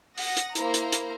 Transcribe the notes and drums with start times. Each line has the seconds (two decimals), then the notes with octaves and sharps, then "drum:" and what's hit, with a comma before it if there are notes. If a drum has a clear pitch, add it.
0.18 F#5 D#6 A#6, drum: open hi-hat
0.37 drum: hi-hat
0.55 A#3 E4 C5 A#5, drum: hi-hat
0.74 drum: hi-hat
0.92 drum: hi-hat